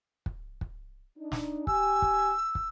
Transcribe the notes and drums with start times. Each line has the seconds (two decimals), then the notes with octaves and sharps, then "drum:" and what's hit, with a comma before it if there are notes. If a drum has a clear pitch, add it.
0.26 drum: kick
0.61 drum: kick
1.18 D4 D#4
1.32 drum: snare
1.67 G4 G#5 E6, drum: kick
2.02 drum: kick
2.55 drum: kick